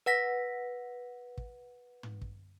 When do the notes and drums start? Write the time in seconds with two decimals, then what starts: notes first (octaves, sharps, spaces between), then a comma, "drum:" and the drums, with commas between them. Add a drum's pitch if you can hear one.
0.06 B4 F#5 A#6 B6
1.37 drum: kick
2.03 drum: tom
2.21 drum: kick